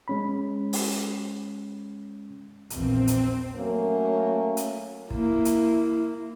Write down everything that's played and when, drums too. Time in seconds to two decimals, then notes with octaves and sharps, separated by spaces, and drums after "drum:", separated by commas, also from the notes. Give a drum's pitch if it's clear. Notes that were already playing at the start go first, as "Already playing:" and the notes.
0.08 G#3 C#4 B5
0.73 drum: open hi-hat
2.70 A#1 E2 C4, drum: hi-hat
3.07 drum: hi-hat
3.55 F#3 A3 A#3 C#4
4.57 drum: hi-hat
5.11 A#3 E4, drum: kick
5.45 drum: hi-hat